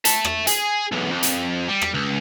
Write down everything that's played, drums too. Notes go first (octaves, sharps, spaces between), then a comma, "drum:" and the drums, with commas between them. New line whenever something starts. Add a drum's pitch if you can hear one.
E5 A5, drum: hi-hat
drum: rim click
G#4, drum: hi-hat
B1 E2
F2
drum: hi-hat
G3
drum: rim click
C#2